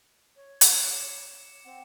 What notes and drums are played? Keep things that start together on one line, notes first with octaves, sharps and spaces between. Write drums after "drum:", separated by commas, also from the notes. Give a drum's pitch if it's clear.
C#5
drum: hi-hat
D6 C#7 E7
C4 F#5 G5